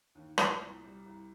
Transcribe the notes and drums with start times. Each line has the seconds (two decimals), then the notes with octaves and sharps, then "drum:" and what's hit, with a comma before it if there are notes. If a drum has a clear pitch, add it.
0.15 D#2
0.38 A#2, drum: rim click
0.61 C2
0.83 G3
1.06 C2